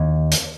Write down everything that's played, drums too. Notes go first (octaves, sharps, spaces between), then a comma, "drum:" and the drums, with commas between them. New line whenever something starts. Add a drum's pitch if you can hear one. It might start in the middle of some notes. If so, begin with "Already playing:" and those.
Already playing: D#2
drum: hi-hat